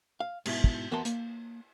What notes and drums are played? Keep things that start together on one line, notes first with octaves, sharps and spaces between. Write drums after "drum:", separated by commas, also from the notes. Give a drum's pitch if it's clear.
F5
G#2 B2 E4, drum: cymbal
drum: kick
E2 B3 F#4 A#4 A5 C6
A#3, drum: hi-hat